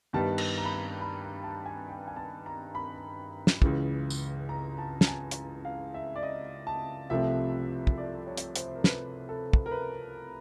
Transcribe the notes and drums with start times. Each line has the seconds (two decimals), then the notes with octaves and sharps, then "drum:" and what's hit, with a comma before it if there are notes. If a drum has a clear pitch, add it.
0.13 G2 D#3 G3 B3 A5
0.38 drum: cymbal
0.58 A#5
0.65 B5
0.72 A#5
1.01 B5
1.23 A#5
1.44 A5
1.66 G#5
1.88 G5
2.08 G#5
2.16 A5
2.46 A#5
2.75 B5
3.47 drum: snare
3.62 C#2 C#3 E3, drum: kick
4.10 drum: tambourine
4.49 A#5
4.78 A5
5.01 A5, drum: snare
5.08 G#5
5.31 drum: hi-hat
5.65 F5
5.94 E5
6.16 D5
6.23 D#5
6.67 A5
7.10 C2 C3 F3 A3 C4 E5
7.87 drum: kick
7.97 D5
8.27 C#5
8.37 drum: hi-hat
8.56 C5, drum: hi-hat
8.75 A#4
8.84 B4, drum: snare
9.29 A4
9.53 drum: kick
9.66 A#4
9.71 B4